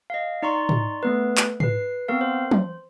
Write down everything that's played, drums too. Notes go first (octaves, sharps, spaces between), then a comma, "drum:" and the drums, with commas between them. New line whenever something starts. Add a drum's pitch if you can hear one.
D#5 F5
D#4 D5 A#5 C6 C#6
drum: tom
A3 B3 B4
drum: clap
B4 C7, drum: tom
B3 C4 A#4 F5
C5
drum: tom